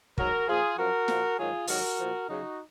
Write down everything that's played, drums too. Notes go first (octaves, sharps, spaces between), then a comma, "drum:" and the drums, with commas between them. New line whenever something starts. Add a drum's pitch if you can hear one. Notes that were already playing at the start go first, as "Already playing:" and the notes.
G#2 F#3 F#4 A#4, drum: kick
A#2 F3 F4 G#4
F#2 F3 F#4 A#4
A#2 F3, drum: snare
G#2 D#3 F#3 F4 G#4
G#2 D#3 F#3 F#4 A#4, drum: open hi-hat
A#2 F3
F#2 C#3 F#3 D#4 F#4